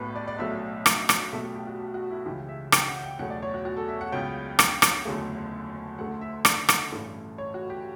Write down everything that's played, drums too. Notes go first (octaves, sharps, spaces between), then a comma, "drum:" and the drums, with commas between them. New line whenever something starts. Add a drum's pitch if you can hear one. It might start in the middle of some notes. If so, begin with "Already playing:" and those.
Already playing: B1 A2 G3 B3 B4
D5
D5
B1 B2 F#3 A3 E5
drum: rim click
drum: rim click
B1 B2 A3 E5
G4
G4
F#4
G4
F#4
E4
C#2 C#3 E3 G4
E5
G5, drum: rim click
F#5
G5
E2 B2 F#3 A3 F#5
D5
C#5
F#4
F#4
A4
E5
F#5
C#2 C#3 F#3 B3 G5
drum: rim click
drum: rim click
F#1 E2 D3 F#3 A3
D2 D3 A3 F#5
E5
D5, drum: rim click
drum: rim click
A1 G2 E3 A3
C#5
F#4
G4